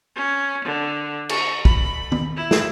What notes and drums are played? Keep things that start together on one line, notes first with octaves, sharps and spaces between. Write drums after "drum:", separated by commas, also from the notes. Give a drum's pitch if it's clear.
C#4
D3
C#6, drum: cymbal
B5, drum: kick
drum: tom
E4
drum: snare